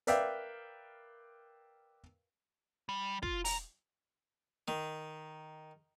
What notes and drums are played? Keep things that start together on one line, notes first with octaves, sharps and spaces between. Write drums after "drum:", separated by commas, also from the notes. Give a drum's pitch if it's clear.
A#4 B4 D5 E5 F5 G5, drum: hi-hat
G3
F4, drum: kick
G#3 A#5, drum: open hi-hat
D#3, drum: snare